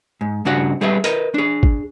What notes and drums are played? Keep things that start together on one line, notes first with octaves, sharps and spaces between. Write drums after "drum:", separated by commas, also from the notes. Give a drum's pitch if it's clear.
G#2
G2 C#3 D4 F#4 F#5
G3 G#4 B4 E5
A#4 B4 D#5, drum: hi-hat
D4 G#4
drum: kick G#1